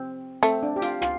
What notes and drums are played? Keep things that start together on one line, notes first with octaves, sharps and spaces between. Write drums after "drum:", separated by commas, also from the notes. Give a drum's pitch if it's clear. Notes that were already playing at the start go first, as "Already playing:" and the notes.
Already playing: C4
A3 C4, drum: hi-hat
D4
G4
F4, drum: hi-hat
F4, drum: rim click